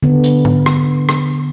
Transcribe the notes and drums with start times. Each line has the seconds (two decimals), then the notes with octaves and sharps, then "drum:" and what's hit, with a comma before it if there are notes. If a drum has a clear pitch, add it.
0.03 D3 B3
0.24 drum: hi-hat
0.45 drum: tom G#2
0.66 drum: rim click
1.09 drum: rim click